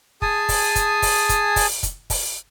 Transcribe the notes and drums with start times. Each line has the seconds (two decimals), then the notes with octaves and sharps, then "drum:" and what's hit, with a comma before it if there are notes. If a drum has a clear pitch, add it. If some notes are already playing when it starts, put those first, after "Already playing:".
0.22 G#4 G#5 A5 D#6, drum: kick
0.49 drum: kick, open hi-hat
0.76 drum: kick, hi-hat
1.02 drum: kick, open hi-hat
1.29 drum: kick, hi-hat
1.56 drum: kick, open hi-hat
1.83 drum: kick, hi-hat
2.10 drum: kick, open hi-hat